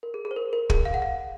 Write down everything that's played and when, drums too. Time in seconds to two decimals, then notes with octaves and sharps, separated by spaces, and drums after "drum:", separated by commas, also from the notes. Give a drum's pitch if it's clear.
0.03 A#4
0.14 G#4
0.25 G#4
0.31 C5
0.36 A#4
0.53 A#4
0.70 G#4, drum: kick
0.85 F5
0.94 F#5
1.02 F5